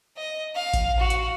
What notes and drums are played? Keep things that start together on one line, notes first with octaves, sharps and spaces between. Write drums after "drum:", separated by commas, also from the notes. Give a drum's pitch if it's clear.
D#5
F5
drum: kick A1, hi-hat
F#4
drum: hi-hat